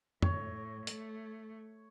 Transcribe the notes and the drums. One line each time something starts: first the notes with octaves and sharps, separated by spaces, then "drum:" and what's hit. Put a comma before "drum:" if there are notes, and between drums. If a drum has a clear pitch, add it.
A2 C#5, drum: tom
A3, drum: hi-hat